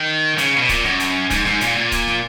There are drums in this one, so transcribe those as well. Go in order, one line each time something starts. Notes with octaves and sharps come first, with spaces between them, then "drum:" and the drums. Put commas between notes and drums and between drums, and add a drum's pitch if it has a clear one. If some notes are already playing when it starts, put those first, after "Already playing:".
Already playing: D#3
C#3, drum: hi-hat
B2
A#2, drum: kick C#1, hi-hat
F#2, drum: snare
drum: hi-hat
G#2, drum: kick C#1, hi-hat
G#2, drum: snare
A#2, drum: hi-hat
A#2
drum: kick C#1, hi-hat
drum: snare